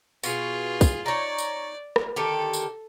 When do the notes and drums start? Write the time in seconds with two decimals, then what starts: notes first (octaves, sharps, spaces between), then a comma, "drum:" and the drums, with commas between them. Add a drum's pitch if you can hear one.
0.23 B2 F4 G#4, drum: tambourine
0.81 drum: kick, tambourine
1.06 D#4 C#5 D5
1.38 drum: tambourine
1.96 drum: rim click
2.16 D3 D#3 G4 A4
2.53 drum: tambourine